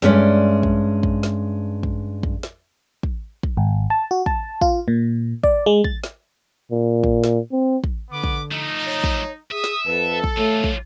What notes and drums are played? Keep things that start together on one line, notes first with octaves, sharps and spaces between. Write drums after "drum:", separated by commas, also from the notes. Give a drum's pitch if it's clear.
G2 G#3 C#4 D5 E5, drum: snare
drum: kick
drum: kick
drum: snare
drum: kick
drum: kick
drum: snare
drum: kick
drum: kick
G#1
A5
F#4
A5, drum: kick
F4, drum: kick
A#2
D5, drum: kick
G#3
A6, drum: kick
drum: snare
A#2
drum: kick
drum: snare
C4
drum: kick
D3 B3 B4 D6
drum: kick
F3 A3 D#4
C#5
drum: kick
G#4 E5 D#6
drum: snare
F2 A4 B4
drum: kick
E3 A3 F4 C#5
drum: kick